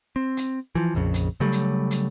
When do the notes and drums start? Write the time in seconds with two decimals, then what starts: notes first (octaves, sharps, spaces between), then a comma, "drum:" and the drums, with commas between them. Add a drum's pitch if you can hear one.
0.16 C4
0.37 drum: hi-hat
0.75 E3 F3
0.95 A#1 F2 C#3
1.14 drum: hi-hat
1.40 C#3 F#3 G3 A3
1.52 drum: hi-hat
1.91 drum: hi-hat